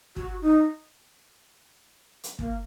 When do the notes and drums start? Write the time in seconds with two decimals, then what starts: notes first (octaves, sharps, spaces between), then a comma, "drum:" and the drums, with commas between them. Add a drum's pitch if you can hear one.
0.16 F#4, drum: kick
0.42 D#4
2.24 drum: hi-hat
2.39 A#3, drum: kick